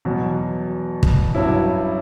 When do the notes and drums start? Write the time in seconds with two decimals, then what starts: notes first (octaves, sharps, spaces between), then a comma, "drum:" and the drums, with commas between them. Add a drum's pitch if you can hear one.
0.05 E2 B2 F#3
1.03 drum: kick
1.35 G2 F#3 C#4 E4